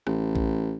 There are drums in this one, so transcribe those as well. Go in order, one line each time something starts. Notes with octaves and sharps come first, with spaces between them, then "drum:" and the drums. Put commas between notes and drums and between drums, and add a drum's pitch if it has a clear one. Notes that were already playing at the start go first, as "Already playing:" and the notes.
A1, drum: rim click
drum: kick A#1